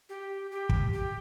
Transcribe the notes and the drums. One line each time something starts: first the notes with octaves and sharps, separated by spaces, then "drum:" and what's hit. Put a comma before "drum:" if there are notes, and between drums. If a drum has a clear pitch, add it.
G4
G4
drum: kick
G4